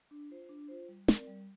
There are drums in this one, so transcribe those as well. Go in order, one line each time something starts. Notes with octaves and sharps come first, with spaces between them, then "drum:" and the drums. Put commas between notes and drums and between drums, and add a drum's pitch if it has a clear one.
D4
F4 C5
D4
F4 C5
G3
C4 A#4 D5, drum: snare
G3